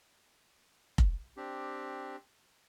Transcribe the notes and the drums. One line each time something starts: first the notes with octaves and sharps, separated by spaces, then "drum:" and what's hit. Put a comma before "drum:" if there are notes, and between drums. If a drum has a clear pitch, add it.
drum: kick F1
C4 D4 G4